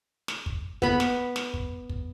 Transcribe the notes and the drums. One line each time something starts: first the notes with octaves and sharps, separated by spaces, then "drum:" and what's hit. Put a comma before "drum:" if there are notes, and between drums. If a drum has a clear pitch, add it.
drum: snare
drum: kick
B3 B5, drum: kick
drum: snare
drum: snare
drum: kick
drum: kick